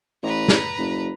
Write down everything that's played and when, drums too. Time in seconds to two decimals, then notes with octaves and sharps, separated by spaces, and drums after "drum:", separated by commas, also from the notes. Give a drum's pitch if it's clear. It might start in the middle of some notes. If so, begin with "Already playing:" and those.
0.23 A1 B4 A#5
0.48 drum: snare
0.78 F#1